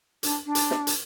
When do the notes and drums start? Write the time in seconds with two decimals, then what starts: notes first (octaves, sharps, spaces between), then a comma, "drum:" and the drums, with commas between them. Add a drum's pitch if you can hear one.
0.23 D4, drum: hi-hat
0.45 D4
0.55 drum: hi-hat
0.71 drum: snare
0.87 drum: hi-hat